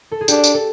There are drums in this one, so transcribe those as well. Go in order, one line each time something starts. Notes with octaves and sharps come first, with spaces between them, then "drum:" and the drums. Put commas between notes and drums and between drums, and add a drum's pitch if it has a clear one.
A4
G#4
D4 G4, drum: tambourine
drum: tambourine
A4